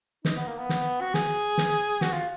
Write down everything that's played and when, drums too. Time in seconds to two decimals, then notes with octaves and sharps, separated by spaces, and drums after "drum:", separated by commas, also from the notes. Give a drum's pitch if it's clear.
0.25 D#4, drum: snare
0.36 B3
0.47 A#3
0.58 B3
0.69 drum: snare
1.01 F#4
1.14 G#4, drum: snare
1.58 drum: snare
2.01 F#4, drum: snare
2.13 F4